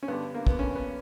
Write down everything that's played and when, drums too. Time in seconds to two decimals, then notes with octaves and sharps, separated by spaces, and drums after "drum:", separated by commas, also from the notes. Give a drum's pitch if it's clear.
0.03 C#4
0.08 G2 D3 B3
0.34 A#3
0.47 B3, drum: kick
0.59 C#4
0.76 B3